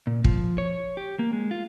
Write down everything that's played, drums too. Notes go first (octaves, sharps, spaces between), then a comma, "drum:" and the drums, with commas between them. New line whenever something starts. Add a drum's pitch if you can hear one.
A#2
F3, drum: kick
C#5
G4
A#3
G#3
F4